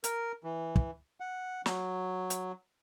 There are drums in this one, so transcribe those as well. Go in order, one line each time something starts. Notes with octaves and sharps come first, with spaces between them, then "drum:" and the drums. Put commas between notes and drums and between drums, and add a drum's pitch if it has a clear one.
A#4, drum: hi-hat
E3
drum: kick
F#5
F#3, drum: snare
drum: hi-hat